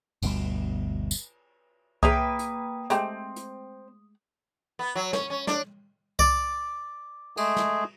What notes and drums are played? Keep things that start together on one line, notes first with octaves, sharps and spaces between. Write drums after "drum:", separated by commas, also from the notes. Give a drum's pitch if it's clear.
G1 D2 B2 G3, drum: cymbal
drum: tambourine
A#3 G#4 B4 C#5 E5 G5 D#6, drum: kick C2
drum: hi-hat
G#3 A3 C4 G4, drum: hi-hat
drum: hi-hat
B3
F#3
C#4, drum: snare
C#4
D4, drum: snare
D5, drum: kick C2
G#3 A3 G#4, drum: cymbal
drum: snare